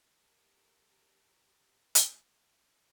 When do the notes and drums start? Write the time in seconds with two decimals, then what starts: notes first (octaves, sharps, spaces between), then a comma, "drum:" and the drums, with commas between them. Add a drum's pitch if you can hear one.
0.12 G4 A4 A#4
1.95 drum: hi-hat